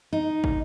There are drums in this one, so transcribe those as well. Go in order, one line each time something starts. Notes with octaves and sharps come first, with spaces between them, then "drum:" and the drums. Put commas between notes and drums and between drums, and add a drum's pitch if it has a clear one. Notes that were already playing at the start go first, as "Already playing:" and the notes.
D#4
drum: kick